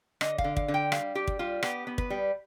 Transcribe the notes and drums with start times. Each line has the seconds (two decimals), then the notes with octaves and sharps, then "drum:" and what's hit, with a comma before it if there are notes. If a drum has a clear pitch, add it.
0.21 D3 D#5, drum: rim click
0.38 F5, drum: kick
0.44 D3
0.57 F5, drum: kick
0.68 D3
0.74 G5
0.92 G3 F5, drum: rim click
1.15 G3 G4
1.27 drum: kick
1.39 G3 F4
1.63 B3 G4, drum: rim click
1.87 B3
1.98 B4, drum: kick
2.10 G3